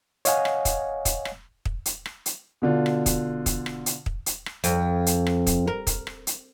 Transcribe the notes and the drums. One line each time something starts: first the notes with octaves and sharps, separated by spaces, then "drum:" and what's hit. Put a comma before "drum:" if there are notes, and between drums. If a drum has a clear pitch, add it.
C#5 D#5 F5 F#5 G#5, drum: hi-hat
drum: rim click
drum: kick, hi-hat
drum: kick, hi-hat
drum: rim click
drum: kick
drum: hi-hat
drum: rim click
drum: hi-hat
B2 D3 F4
drum: rim click
drum: kick, hi-hat
drum: kick, hi-hat
drum: rim click
drum: hi-hat
drum: kick
drum: hi-hat
drum: rim click
F2, drum: hi-hat
drum: hi-hat
drum: rim click
drum: kick, hi-hat
A#4
drum: kick, hi-hat
drum: rim click
drum: hi-hat